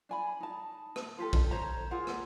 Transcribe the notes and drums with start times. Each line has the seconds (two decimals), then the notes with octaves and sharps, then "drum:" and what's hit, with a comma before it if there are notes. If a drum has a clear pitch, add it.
0.09 D4 G#5 B5
0.40 D#4 A5
0.96 drum: rim click
1.18 F4 G4 A4
1.33 drum: kick A#1
1.51 C5 C#5 A#5
1.91 F4 G#4 A#4 F#5
2.07 drum: rim click